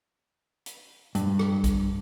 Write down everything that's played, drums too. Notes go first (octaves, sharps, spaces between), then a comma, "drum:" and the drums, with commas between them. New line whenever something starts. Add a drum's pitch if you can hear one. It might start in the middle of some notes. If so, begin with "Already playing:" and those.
drum: hi-hat
G2, drum: hi-hat
drum: rim click
drum: kick B1, hi-hat